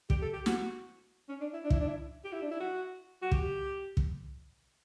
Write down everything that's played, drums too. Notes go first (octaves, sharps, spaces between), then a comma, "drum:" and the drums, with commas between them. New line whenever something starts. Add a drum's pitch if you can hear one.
G4, drum: kick
A4
G4
F#4, drum: snare
C#4
D4
E4
D4
E4, drum: kick
D4
E4
G4
E4
D4
E4
F#4
F#4
G4, drum: kick
drum: kick